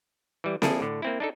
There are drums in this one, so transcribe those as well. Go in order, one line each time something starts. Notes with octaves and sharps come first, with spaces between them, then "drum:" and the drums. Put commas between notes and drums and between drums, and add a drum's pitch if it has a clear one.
E3 G3
F3 A#3 D4 E4 G#4 A4, drum: snare C4
A2 D3
A#3 C4 E4
D4 D#4 A4